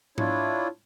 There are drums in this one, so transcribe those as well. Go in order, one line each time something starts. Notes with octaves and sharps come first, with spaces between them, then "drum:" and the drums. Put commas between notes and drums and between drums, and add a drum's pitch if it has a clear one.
D4 E4 F4 C#5, drum: tom G#2